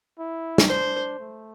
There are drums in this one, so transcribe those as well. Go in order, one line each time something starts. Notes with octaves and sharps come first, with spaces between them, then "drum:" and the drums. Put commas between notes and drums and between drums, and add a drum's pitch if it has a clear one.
E4
drum: snare
D4 C5
A3